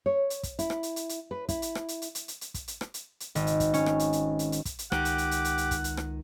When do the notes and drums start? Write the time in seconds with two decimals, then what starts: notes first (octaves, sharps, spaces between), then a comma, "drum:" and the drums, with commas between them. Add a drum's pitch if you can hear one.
0.06 C#5
0.30 drum: hi-hat
0.43 drum: kick, hi-hat
0.59 E4, drum: hi-hat
0.70 drum: rim click
0.83 drum: hi-hat
0.96 drum: hi-hat
1.09 drum: hi-hat
1.31 B4
1.49 E4, drum: kick, hi-hat
1.62 drum: hi-hat
1.75 drum: rim click
1.88 drum: hi-hat
2.02 drum: hi-hat
2.15 drum: hi-hat
2.28 drum: hi-hat
2.41 drum: hi-hat
2.54 drum: kick, hi-hat
2.68 drum: hi-hat
2.81 drum: rim click
2.94 drum: hi-hat
3.20 drum: hi-hat
3.35 G#1, drum: hi-hat
3.47 drum: hi-hat
3.60 drum: kick, hi-hat
3.74 C#4, drum: hi-hat
3.86 drum: rim click
3.99 drum: hi-hat
4.13 drum: hi-hat
4.39 drum: hi-hat
4.52 drum: hi-hat
4.65 drum: kick, hi-hat
4.79 drum: hi-hat
4.92 C#2 D#3 G4 F#5 D6, drum: rim click
5.05 drum: hi-hat
5.18 drum: hi-hat
5.31 drum: hi-hat
5.45 drum: hi-hat
5.58 drum: hi-hat
5.71 drum: kick, hi-hat
5.84 drum: hi-hat
5.97 drum: rim click